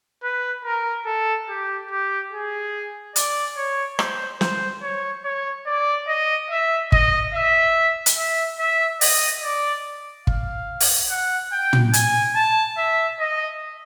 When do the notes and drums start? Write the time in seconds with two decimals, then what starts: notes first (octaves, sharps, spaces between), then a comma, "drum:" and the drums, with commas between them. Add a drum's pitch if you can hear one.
0.23 B4
0.65 A#4
1.06 A4
1.49 G4
1.91 G4
2.32 G#4
3.16 D5, drum: hi-hat
3.57 C#5
3.99 C5, drum: rim click
4.41 C5, drum: snare
4.83 C#5
5.25 C#5
5.66 D5
6.08 D#5
6.50 E5
6.92 D#5, drum: kick
7.34 E5
8.06 drum: hi-hat
8.17 E5
8.59 E5
9.01 D#5, drum: open hi-hat
9.44 D5
10.27 F5, drum: kick
10.80 drum: open hi-hat
11.10 F#5
11.52 G5
11.73 drum: tom
11.93 G#5, drum: hi-hat
12.35 A5
12.77 E5
13.20 D#5